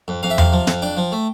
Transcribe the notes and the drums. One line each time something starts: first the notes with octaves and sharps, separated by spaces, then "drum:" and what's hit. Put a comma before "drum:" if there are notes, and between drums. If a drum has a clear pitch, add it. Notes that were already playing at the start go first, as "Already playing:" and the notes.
F2
F2 F5
E5
C3 F5, drum: tom E2
F3
F2, drum: snare
D4 G5
F3
A3